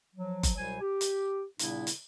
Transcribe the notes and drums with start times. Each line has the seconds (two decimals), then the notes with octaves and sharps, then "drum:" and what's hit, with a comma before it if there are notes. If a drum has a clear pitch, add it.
0.15 F3 F#3
0.43 drum: kick F#1, hi-hat
0.57 C2 B2 F#3 G3 C5 G#5
0.81 G4
1.01 drum: hi-hat
1.59 A#2 C#3 G3 B3 D4 E4, drum: hi-hat
1.87 drum: hi-hat